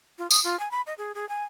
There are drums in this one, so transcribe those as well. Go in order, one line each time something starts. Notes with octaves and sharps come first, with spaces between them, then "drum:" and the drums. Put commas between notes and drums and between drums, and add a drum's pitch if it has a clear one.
F4
D#6, drum: tambourine
F4
G#5
B5
D#5
G#4
G#4
G#5